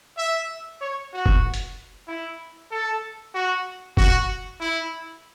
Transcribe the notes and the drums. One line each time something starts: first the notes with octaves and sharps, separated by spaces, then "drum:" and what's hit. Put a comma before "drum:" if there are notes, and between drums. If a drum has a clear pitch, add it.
E5
C#5
F#4
drum: kick
drum: hi-hat
E4
A4
F#4
F#4, drum: kick
E4